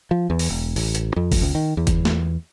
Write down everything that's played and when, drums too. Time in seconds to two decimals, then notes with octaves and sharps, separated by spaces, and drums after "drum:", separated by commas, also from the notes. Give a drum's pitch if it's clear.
0.11 F3
0.30 E2
0.39 drum: open hi-hat
0.50 E1
0.76 A1, drum: open hi-hat
0.95 drum: hi-hat
1.16 F2
1.32 drum: kick F#1, open hi-hat
1.42 C#2
1.55 D#3
1.77 E2
1.87 drum: kick F#1, hi-hat
2.05 drum: snare